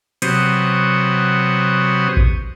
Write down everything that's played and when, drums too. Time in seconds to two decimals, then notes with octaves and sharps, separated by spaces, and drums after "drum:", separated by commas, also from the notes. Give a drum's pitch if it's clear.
0.22 C3 F#3 B3 C5 C#6 D#6, drum: hi-hat
2.17 drum: kick A#1